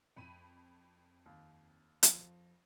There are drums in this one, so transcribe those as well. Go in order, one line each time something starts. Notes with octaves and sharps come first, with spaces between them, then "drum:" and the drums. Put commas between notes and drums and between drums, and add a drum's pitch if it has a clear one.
F2 B5 D#7
D#2
F2, drum: hi-hat